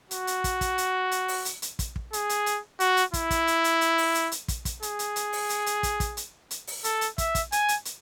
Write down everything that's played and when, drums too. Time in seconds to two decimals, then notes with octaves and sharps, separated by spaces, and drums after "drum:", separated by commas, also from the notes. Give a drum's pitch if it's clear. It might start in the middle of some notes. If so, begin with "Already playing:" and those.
0.11 F#4, drum: hi-hat
0.27 drum: hi-hat
0.44 drum: kick, hi-hat
0.61 drum: kick, hi-hat
0.78 drum: hi-hat
1.11 drum: hi-hat
1.28 drum: open hi-hat
1.45 drum: hi-hat
1.62 drum: hi-hat
1.79 drum: kick, hi-hat
1.96 drum: kick
2.13 G#4, drum: hi-hat
2.29 drum: hi-hat
2.46 drum: hi-hat
2.80 F#4, drum: hi-hat
2.97 drum: hi-hat
3.13 E4, drum: kick, hi-hat
3.30 drum: kick, hi-hat
3.47 drum: hi-hat
3.64 drum: hi-hat
3.81 drum: hi-hat
3.98 drum: open hi-hat
4.15 drum: hi-hat
4.32 drum: hi-hat
4.48 drum: kick, hi-hat
4.65 drum: kick, hi-hat
4.82 G#4, drum: hi-hat
4.99 drum: hi-hat
5.16 drum: hi-hat
5.33 drum: open hi-hat
5.49 drum: hi-hat
5.66 drum: hi-hat
5.83 drum: kick, hi-hat
6.00 drum: kick, hi-hat
6.17 drum: hi-hat
6.51 drum: hi-hat
6.67 drum: open hi-hat
6.84 A4, drum: hi-hat
7.01 drum: hi-hat
7.18 E5, drum: kick, hi-hat
7.35 drum: kick, hi-hat
7.52 G#5, drum: hi-hat
7.68 drum: hi-hat
7.85 drum: hi-hat